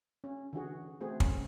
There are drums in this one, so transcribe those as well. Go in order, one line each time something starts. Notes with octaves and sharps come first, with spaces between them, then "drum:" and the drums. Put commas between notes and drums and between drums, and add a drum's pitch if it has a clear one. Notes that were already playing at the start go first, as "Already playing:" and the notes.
C#4
D3 E3 F#4 G#4
A3 C4 F#4 G#4
C#4, drum: kick